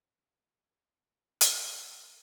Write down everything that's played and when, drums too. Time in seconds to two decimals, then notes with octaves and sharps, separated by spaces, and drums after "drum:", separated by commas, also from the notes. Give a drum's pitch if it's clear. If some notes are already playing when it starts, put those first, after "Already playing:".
0.13 G4 A4
0.50 A#5
1.41 drum: hi-hat